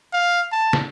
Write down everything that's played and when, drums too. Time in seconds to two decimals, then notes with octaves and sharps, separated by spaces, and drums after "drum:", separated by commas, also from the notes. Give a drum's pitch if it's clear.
0.13 F5
0.52 A5
0.73 drum: snare